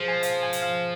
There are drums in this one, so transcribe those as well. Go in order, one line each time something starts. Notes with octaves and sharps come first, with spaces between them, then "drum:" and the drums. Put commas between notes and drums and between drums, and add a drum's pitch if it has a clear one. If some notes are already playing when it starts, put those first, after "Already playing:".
Already playing: F3 G#4 C5
G#5
F5, drum: hi-hat
G#5
drum: hi-hat
F5